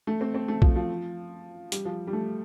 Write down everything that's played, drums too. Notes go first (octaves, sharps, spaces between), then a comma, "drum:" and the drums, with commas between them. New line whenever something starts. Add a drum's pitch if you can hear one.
A3
C4
C4
A3
F3, drum: kick B1
F3
G3, drum: hi-hat
F3
G3
A3